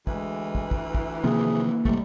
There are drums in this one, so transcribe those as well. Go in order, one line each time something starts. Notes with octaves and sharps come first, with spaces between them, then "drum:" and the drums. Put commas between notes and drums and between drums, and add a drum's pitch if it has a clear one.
D2 E3 G#3, drum: kick
drum: kick
drum: kick
drum: kick
C3 D#3 F3 A#3 G#4
C3 G3 A3, drum: kick